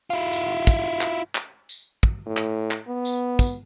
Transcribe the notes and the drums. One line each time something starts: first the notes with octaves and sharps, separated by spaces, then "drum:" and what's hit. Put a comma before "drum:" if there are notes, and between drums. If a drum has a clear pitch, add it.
E4 F4
drum: tambourine
drum: kick, tambourine
drum: clap
drum: clap
drum: tambourine
drum: kick
A2
drum: clap
drum: clap
B3
drum: tambourine
drum: kick, tambourine